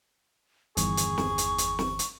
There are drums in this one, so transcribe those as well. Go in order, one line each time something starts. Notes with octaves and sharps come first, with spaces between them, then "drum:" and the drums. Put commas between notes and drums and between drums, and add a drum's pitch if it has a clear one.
G1 E2 D#3 G#4 C#6, drum: hi-hat
drum: hi-hat
drum: snare
drum: hi-hat
drum: hi-hat
drum: snare
drum: hi-hat